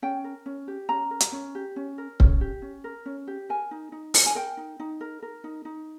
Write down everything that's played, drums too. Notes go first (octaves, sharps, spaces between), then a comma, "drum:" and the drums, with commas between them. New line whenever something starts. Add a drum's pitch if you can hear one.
C#4 G5
A#4
C#4
G4
C#4 A#5
A#4
drum: hi-hat
C#4
G4
C#4
A#4
C#4, drum: kick C#1
G4
C#4
A#4
C#4
G4
A#4 G#5
D#4
D#4
A#4, drum: open hi-hat
G#5
A#4 G5
D#4
D#4
A#4
A#4
D#4
D#4